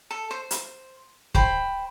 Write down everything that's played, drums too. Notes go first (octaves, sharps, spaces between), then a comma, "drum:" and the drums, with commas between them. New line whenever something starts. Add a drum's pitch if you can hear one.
A4
C5
drum: hi-hat
C5 G5 B5, drum: kick